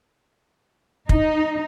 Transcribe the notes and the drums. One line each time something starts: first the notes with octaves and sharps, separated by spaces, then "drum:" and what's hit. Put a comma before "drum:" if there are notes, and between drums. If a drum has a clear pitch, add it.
D#4, drum: kick